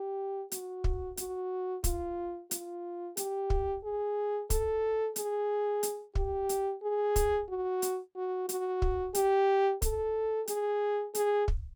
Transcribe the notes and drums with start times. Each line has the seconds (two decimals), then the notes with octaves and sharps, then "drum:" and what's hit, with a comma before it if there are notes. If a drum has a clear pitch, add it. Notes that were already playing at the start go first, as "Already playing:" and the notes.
Already playing: G4
0.52 F#4, drum: hi-hat
0.84 drum: kick
1.17 F#4, drum: hi-hat
1.84 F4, drum: kick, hi-hat
2.51 F4, drum: hi-hat
3.17 G4, drum: hi-hat
3.50 drum: kick
3.84 G#4
4.50 A4, drum: kick, hi-hat
5.16 G#4, drum: hi-hat
5.83 drum: hi-hat
6.15 G4, drum: kick
6.49 drum: hi-hat
6.83 G#4
7.16 drum: kick, hi-hat
7.50 F#4
7.82 drum: hi-hat
8.16 F#4
8.49 F#4, drum: hi-hat
8.82 drum: kick
9.15 G4, drum: hi-hat
9.82 A4, drum: kick, hi-hat
10.48 G#4, drum: hi-hat
11.15 G#4, drum: hi-hat
11.48 drum: kick